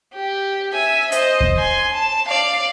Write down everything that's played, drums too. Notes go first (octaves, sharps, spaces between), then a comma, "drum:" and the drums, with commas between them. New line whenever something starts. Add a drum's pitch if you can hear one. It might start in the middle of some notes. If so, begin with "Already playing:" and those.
G4
E5 G#5
C5 D#5, drum: hi-hat
drum: kick D#2
G#5 C6
A5
D5 F5